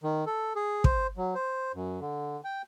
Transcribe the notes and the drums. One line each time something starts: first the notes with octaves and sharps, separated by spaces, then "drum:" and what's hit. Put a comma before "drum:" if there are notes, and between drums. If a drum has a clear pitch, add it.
D#3
A4
G#4
C5, drum: kick
F#3
C5
F#2
D3
G5